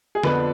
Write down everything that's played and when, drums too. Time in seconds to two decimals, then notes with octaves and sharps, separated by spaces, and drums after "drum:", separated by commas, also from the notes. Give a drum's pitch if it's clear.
0.15 G#4
0.23 F2 D3 F3 B3 D4 B4, drum: snare